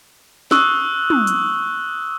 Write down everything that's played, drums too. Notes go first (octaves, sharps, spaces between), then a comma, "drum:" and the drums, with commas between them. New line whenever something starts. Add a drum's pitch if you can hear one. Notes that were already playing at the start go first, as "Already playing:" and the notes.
C#6 D#6 E6 F#6 G7, drum: snare
drum: tom
drum: hi-hat